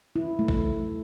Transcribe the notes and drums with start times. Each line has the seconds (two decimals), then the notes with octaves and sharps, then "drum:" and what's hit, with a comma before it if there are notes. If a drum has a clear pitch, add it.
0.16 E4
0.39 A3
0.48 drum: kick A1